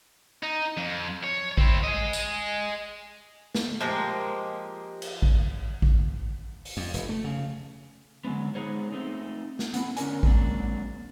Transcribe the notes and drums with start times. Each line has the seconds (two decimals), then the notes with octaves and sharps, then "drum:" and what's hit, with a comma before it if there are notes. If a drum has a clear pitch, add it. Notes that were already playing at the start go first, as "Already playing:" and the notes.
0.43 D#4
0.77 F2
1.24 C#5
1.58 C4 E4, drum: kick A1
1.84 G#4 D#5
2.13 drum: tambourine
3.55 drum: snare
3.80 F3 G#3 A#3 G4
5.02 drum: cymbal
5.22 drum: kick A1
5.82 drum: kick A1
6.65 drum: open hi-hat
6.77 F2
6.94 F1, drum: hi-hat
7.09 A3
7.24 C#3
8.25 D3 F#3 G#3 B3
8.55 G#3 B3 D#4 G#4 C5 C#5
8.92 A3 C4 D#4
9.59 drum: snare
9.74 B3 C4 E4, drum: hi-hat
9.97 D3 C#4 A4 A#4 D5 G#5, drum: hi-hat
10.23 F#3 G#3 A#3 C4 D4, drum: kick A1